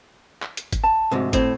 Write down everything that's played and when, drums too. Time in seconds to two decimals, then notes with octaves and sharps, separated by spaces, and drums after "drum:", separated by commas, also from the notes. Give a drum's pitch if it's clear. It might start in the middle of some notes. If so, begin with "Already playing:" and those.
0.42 drum: clap
0.57 drum: hi-hat
0.73 drum: kick, hi-hat
0.83 A5
1.12 D2 G#2 C3 F#4 C5
1.33 A2 C4, drum: kick, hi-hat